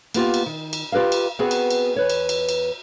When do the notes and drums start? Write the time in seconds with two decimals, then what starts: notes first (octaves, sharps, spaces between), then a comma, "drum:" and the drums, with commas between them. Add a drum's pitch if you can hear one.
0.14 A#3 B3 F4 G4, drum: cymbal
0.34 drum: cymbal
0.46 D#3
0.73 drum: cymbal
0.92 F4 G4 B4 D#5 F5
1.12 drum: cymbal
1.39 B3 C4 F#4 G#4 B4
1.51 drum: cymbal
1.70 drum: cymbal
1.96 E2 B4 C#5
2.10 drum: cymbal
2.29 drum: cymbal
2.49 drum: cymbal